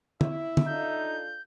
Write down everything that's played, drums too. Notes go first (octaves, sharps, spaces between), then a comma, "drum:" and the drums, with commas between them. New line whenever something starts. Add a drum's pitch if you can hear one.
E4 E5, drum: tom
drum: tom
D4 D#4 F4 A4 G6